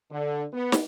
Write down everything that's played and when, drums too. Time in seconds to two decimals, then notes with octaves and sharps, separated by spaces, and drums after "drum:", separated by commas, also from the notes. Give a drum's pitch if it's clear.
0.11 D3
0.53 B3
0.72 drum: snare